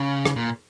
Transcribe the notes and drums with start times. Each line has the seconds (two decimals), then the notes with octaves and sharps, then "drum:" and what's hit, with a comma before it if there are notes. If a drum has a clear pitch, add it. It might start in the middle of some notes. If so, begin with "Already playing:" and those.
Already playing: C#3
0.25 drum: rim click
0.36 A#2